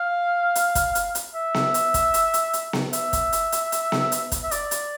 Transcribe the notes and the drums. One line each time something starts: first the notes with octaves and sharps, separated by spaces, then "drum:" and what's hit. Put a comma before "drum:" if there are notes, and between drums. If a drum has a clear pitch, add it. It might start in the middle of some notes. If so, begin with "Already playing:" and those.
Already playing: F5
drum: hi-hat
drum: kick, hi-hat
drum: hi-hat
drum: hi-hat
E5
drum: snare B3
drum: hi-hat
drum: kick, hi-hat
drum: hi-hat
drum: hi-hat
drum: hi-hat
drum: snare B3
E5, drum: hi-hat
drum: kick, hi-hat
drum: hi-hat
drum: hi-hat
drum: hi-hat
drum: snare B3
drum: hi-hat
drum: kick, hi-hat
E5
D5, drum: hi-hat
drum: hi-hat